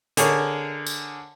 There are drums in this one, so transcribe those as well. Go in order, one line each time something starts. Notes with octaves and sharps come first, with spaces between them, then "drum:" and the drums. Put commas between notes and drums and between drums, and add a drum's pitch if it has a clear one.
D3 G#4 A#4 C#5, drum: hi-hat
drum: tambourine